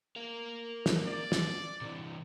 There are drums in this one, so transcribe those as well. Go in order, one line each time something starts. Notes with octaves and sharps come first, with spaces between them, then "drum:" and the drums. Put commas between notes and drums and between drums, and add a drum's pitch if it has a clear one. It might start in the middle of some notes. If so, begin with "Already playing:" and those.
A#4 F5
drum: snare
D5
drum: snare
C3 E3